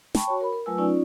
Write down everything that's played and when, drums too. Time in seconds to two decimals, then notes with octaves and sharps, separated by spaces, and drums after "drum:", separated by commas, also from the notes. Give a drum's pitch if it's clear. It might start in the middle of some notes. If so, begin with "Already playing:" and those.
0.15 G5 A5 B5 C#6, drum: snare
0.27 F#4 C#5
0.41 A#4 B5
0.53 A#4
0.66 F#3 A3 F4 B4 G#5 E6
0.78 C#4 D#4 F4 D5